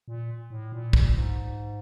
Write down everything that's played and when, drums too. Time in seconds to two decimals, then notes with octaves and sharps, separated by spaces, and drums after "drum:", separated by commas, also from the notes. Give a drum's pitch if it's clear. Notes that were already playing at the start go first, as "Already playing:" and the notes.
0.08 A#2
0.50 A2
0.72 A#2
0.93 drum: kick
1.15 G#2